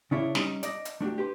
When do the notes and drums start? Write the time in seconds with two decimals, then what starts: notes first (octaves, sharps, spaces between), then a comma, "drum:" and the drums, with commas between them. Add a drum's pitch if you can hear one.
0.11 C#3 C#4 D4 E4 C#5
0.35 G3 C#4 D#4, drum: snare
0.63 D5 D#5, drum: hi-hat
0.85 drum: hi-hat
1.01 A3 D4 F#4 G4
1.18 G4 B4 C5